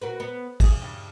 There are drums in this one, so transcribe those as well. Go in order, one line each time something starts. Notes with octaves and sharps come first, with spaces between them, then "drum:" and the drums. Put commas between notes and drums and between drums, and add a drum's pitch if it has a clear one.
F#4 A#4 B4
B3
G2 G#4, drum: kick, cymbal
G2 C#3